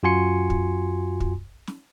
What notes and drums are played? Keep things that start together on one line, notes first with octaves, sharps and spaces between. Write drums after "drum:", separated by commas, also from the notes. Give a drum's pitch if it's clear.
F#2 F4 F#4 G#5 C6 C#7
drum: kick
drum: kick
drum: snare